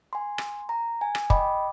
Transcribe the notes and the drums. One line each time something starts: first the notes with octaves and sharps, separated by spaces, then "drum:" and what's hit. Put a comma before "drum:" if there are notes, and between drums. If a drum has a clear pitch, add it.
G#5 C6
drum: rim click
A#5
G#5
drum: rim click
D#5 G5 B5 D6, drum: kick